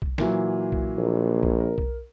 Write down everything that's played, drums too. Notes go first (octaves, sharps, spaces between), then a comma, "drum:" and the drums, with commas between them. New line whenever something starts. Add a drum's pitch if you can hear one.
drum: kick B1
A#2 E3 F#3, drum: snare
drum: kick B1
A#1
drum: kick B1
A#4
drum: kick B1